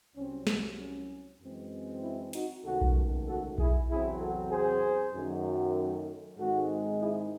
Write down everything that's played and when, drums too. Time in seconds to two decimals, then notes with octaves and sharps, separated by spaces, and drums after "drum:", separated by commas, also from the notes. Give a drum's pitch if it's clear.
0.16 C2 C3 F#3 C4 C#4
0.47 C4, drum: snare
0.78 C#4
1.40 F#2 E3 G#3 C4
2.02 C#4 E4
2.33 D#4 F#4, drum: hi-hat
2.64 C#2 C3 D#3 A3 F#4 A4
2.81 drum: kick B1
3.26 F#4 A4
3.58 E4 G#4, drum: kick B1
3.89 E2 C3 F#3 C4 E4 G#4
4.20 F#4 A4
4.51 G#4 C5
5.14 F#2 D#3 F#3 A3
6.38 G#2 D#3 G#3 C4 F#4 A4
7.00 E4 G#4